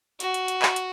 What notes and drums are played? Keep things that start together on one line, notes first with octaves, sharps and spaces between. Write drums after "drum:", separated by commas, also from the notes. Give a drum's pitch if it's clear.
F#4, drum: hi-hat
drum: hi-hat
drum: hi-hat
drum: clap
drum: hi-hat